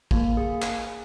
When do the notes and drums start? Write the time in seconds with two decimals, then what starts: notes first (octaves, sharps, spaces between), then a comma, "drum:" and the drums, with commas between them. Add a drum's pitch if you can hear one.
0.11 A#3, drum: kick
0.37 G#4
0.62 drum: clap